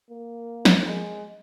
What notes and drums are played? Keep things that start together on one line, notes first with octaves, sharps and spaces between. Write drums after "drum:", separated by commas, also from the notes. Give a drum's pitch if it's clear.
A#3
drum: snare
G#3